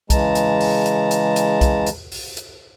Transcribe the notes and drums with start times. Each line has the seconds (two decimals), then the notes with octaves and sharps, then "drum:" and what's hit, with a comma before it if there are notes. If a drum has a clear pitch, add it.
0.10 C#3 E3 G#3 A5 A#5, drum: kick, hi-hat
0.35 drum: hi-hat
0.60 drum: open hi-hat
0.86 drum: hi-hat
1.11 drum: hi-hat
1.36 drum: hi-hat
1.61 drum: kick, hi-hat
1.86 drum: hi-hat
2.12 drum: open hi-hat
2.37 drum: hi-hat